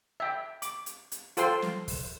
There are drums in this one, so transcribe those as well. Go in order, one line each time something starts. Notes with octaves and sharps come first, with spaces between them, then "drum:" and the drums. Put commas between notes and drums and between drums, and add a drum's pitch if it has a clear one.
E5 G5
D6, drum: hi-hat
drum: hi-hat
drum: hi-hat
F4 A4 C5 G5 C6, drum: hi-hat
drum: snare
drum: kick, open hi-hat